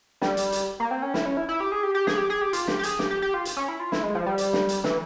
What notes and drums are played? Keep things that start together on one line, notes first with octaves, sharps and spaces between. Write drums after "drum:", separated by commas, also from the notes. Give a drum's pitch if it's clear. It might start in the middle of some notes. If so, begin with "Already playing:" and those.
G3, drum: snare
drum: hi-hat
drum: hi-hat
A#3
C4
C#4
E4, drum: snare
C#4
E4
E4
G4
G#4
G4
G4
G#4, drum: snare
G4
G#4
G4
F4, drum: hi-hat
G4, drum: snare
G4
G#4, drum: hi-hat
G4, drum: snare
G4
G4
F4
drum: hi-hat
C#4
E4
F4
E4, drum: snare
G#3
F3
G3
drum: hi-hat
drum: snare
drum: hi-hat
E3, drum: snare